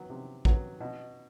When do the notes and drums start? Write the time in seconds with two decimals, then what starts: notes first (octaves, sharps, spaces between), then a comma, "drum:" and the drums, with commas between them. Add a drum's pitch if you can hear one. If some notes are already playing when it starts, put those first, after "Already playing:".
Already playing: D#3 F#3 B3
0.10 C3
0.45 D#3 F#3 B3, drum: kick
0.81 B2